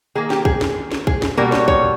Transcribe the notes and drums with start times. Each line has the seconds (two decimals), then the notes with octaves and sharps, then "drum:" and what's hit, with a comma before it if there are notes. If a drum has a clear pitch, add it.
0.15 D#3 A#3 G#4
0.30 G4, drum: snare
0.45 G#4, drum: kick
0.61 drum: snare
0.92 drum: snare
1.07 G#4, drum: kick
1.22 drum: snare
1.37 B2 G3 A#3 A#4
1.52 C#5, drum: snare
1.68 C#5, drum: kick